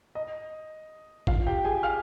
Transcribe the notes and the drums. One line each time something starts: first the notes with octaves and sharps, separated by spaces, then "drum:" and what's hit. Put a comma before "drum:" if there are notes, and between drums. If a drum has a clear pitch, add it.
D#5
F4 F5, drum: kick G1
G4 G5
G#4 G#5
F5 F6